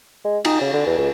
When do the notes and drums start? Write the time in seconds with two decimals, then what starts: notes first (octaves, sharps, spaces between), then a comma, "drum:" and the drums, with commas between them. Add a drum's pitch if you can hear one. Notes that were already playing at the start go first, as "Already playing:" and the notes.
0.25 G#3
0.45 D#4, drum: cymbal
0.61 C#3
0.73 D3
0.87 E2
0.98 C#2